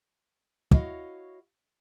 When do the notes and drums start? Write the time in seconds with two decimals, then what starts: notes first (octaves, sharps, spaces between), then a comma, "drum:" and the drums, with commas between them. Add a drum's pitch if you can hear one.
0.71 E4 F#4 C#5 D#5 F5, drum: kick